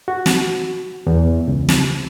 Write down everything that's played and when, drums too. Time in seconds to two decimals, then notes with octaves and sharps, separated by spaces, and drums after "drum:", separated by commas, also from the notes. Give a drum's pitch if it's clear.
0.08 F#4
0.26 drum: snare
1.07 E2
1.48 C#2
1.69 drum: snare